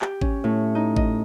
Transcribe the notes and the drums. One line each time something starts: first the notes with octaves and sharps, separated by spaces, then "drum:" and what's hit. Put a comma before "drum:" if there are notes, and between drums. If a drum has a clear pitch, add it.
G4, drum: clap
C#4, drum: kick G#1
A2
D#4
D#5, drum: kick G#1